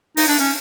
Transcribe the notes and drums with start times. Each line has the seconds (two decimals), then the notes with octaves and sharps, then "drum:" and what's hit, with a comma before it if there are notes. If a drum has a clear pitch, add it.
0.17 D#4, drum: open hi-hat
0.28 D4
0.40 C#4